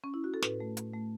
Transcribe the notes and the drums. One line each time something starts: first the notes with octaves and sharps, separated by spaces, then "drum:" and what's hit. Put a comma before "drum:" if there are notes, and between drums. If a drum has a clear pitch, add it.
C#4
E4
F#4
A4
A2 B4, drum: snare
A3
A2, drum: hi-hat
A3